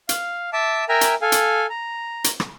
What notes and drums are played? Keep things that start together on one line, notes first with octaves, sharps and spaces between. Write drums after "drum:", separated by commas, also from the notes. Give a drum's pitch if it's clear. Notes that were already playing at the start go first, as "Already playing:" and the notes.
F5, drum: hi-hat
E5 A5 D6
A#4 E5 G5 G#5 A#5
drum: hi-hat
A4 F5 G#5
drum: hi-hat
A#5
drum: hi-hat
drum: rim click